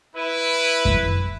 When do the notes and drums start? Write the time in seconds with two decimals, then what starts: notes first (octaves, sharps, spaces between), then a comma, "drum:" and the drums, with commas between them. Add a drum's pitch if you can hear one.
0.16 E4 B4
0.85 drum: kick F#2